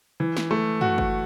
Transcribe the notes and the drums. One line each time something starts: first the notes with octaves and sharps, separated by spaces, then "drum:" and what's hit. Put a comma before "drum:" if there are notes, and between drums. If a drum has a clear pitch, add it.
E3
drum: snare
A3
F#4, drum: tom
drum: kick G1